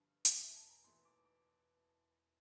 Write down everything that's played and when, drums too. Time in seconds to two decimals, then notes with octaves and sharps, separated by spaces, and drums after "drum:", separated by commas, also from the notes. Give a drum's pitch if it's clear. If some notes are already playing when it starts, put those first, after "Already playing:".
Already playing: G1 G2 D3 F3
0.25 E1 E2 E3 A3 D5, drum: hi-hat
0.41 E5
0.54 A5
0.70 A#5
0.84 E1 E2 E3 A3 C6
1.05 D6
1.25 D6